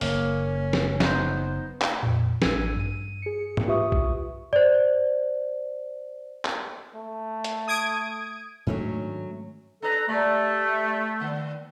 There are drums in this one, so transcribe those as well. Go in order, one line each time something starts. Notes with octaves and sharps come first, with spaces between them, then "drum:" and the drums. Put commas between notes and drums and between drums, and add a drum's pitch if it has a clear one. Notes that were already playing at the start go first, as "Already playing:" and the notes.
F#1 A#3 C#4, drum: open hi-hat
drum: snare
B3 D#4 C5, drum: snare
drum: clap
F2 A#2
A1 D4 E6 G#6 D#7, drum: snare
G2 D#7
G#4 C#7
drum: tom
F4 G4 B4 E5 C#6 D#6
drum: kick
C5 D5
drum: clap
A3
drum: hi-hat
D#6 G#6 D7
G#2 D#3 F#3 A3 C#4 D4
D4 A4 B4 A#5
G3 A3 D5
D3 A#3